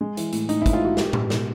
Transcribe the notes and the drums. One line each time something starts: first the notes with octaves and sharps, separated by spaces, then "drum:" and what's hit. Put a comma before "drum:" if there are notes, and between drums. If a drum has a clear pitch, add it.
G#3
E3, drum: hi-hat
A2, drum: hi-hat
A2 D#4, drum: hi-hat
E4
G#3, drum: kick, hi-hat
F4
E3 F#4
B3 G4, drum: snare
G#3, drum: tom A2
B2, drum: snare